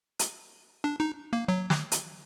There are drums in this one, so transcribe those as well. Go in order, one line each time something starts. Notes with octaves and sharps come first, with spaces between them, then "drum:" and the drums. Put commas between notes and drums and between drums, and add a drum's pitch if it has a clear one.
drum: hi-hat
D4
D#4
A#3
F#3
drum: snare
drum: hi-hat